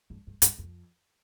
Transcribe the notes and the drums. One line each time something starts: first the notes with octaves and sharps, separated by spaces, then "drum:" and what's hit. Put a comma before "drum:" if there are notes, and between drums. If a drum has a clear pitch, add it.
G2
G2
G2, drum: hi-hat
F2